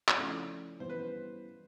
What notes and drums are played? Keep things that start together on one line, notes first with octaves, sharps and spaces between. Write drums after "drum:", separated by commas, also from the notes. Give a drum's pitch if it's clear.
C#5, drum: clap
C#3 F3 A3 C#4 E4 D5
E3 G3 B3 C5
B4
C5